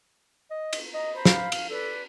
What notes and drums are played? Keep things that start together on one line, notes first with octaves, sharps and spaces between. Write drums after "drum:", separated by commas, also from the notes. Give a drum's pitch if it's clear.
D#5
drum: cymbal
D#5 A#5
C5 A#5 B5
F5, drum: snare
drum: cymbal
A4 B4 D5